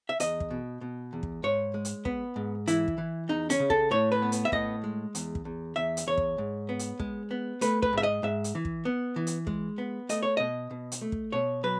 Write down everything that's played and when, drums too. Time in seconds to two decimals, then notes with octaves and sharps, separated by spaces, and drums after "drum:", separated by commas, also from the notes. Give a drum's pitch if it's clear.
0.09 E5
0.20 E2 D#5, drum: hi-hat
0.40 drum: kick
0.51 B2
0.81 B2
1.13 E2
1.23 drum: kick
1.43 G#2 C#5
1.74 G#3
1.85 drum: hi-hat
2.05 B3, drum: kick
2.36 G#2
2.67 E3 E4, drum: hi-hat
2.88 drum: kick
2.98 E3
3.29 E2 D#4
3.50 C#4, drum: hi-hat
3.60 C#3
3.70 A4, drum: kick
3.91 A2 C#5
4.12 B4
4.22 B3
4.32 drum: hi-hat
4.45 E5
4.52 A2 D#5, drum: kick
4.84 G#3
5.15 E2, drum: hi-hat
5.35 drum: kick
5.45 E2
5.76 E2 E5
5.97 drum: hi-hat
6.07 E2 C#5
6.18 drum: kick
6.38 G#2
6.69 B3
6.79 drum: hi-hat
7.00 G#3, drum: kick
7.31 B3
7.61 A3 B4, drum: hi-hat
7.82 B4, drum: kick
7.93 G#2 E5
8.03 D#5
8.23 G#2 E5
8.44 drum: hi-hat
8.55 E3
8.65 drum: kick
8.85 B3
9.16 E3
9.27 drum: hi-hat
9.47 G#3, drum: kick
9.78 B3
10.09 A3 D#5, drum: hi-hat
10.23 C#5
10.37 B2 D#5
10.71 B2
10.92 drum: hi-hat
11.01 A3
11.12 drum: kick
11.32 B2 C#5
11.63 F#3 B4